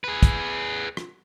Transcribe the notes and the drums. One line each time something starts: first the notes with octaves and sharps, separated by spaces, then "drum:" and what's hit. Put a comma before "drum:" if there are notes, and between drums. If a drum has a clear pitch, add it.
G#4 B4
drum: kick, hi-hat
drum: rim click